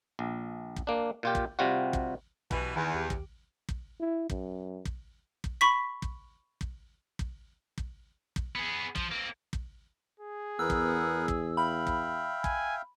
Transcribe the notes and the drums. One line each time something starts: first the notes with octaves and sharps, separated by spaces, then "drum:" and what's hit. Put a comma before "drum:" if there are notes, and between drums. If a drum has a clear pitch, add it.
A#1
drum: kick
A#3 D4
A#2 F4 G4
drum: kick
C3 G3 F4 F#4
drum: kick
B1 B2 E3 G4 B4, drum: kick
E2 D#3 G#5 A#6
D#2 G4 D6
drum: kick
drum: kick
E4
F#2, drum: kick
drum: kick
drum: kick
B5 C#6 B6
drum: kick
drum: kick
drum: kick
drum: kick
drum: kick
B3 G#4
F3, drum: kick
A#3 C4
drum: kick
G#4
E2 B3 A#4 F#5 E6
drum: kick
drum: kick
E5 F5 G5 B5
drum: kick
G#5, drum: kick